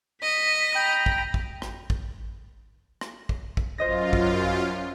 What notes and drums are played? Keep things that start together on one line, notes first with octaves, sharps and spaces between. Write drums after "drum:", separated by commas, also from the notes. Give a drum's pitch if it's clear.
D#5 B6
G5 A#5 B5
drum: kick
drum: kick
drum: rim click
drum: kick
drum: rim click
drum: kick
drum: kick
F#2 F4 C5 D#5 A#6
drum: kick